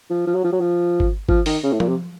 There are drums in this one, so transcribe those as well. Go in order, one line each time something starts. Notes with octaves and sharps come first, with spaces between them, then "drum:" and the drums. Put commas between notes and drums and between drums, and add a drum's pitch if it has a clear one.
F3
F3
F#3
F3
F#3
F3
drum: kick
F3, drum: kick
D#3, drum: open hi-hat
C#3
A2
A#2, drum: tom F3
C3